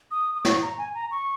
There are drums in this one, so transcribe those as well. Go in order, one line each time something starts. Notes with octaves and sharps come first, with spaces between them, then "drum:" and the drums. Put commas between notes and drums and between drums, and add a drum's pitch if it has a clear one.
D#6
D#6
C#6, drum: snare
A#5
G#5
A#5
C#6